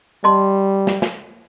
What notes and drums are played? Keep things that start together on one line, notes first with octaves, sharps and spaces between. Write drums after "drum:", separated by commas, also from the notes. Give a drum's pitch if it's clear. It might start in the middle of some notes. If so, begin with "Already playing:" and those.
G3 D#5 A5 C6
drum: snare
drum: snare